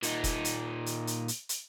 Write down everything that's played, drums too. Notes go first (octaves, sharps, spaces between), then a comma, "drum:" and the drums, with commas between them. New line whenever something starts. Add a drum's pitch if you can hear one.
A#2 D#4, drum: hi-hat
drum: kick F1, hi-hat
drum: hi-hat
drum: hi-hat
drum: hi-hat
drum: hi-hat
drum: hi-hat